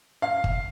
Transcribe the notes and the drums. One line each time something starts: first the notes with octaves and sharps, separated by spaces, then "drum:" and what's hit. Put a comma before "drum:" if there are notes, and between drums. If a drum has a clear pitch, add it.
F5
drum: kick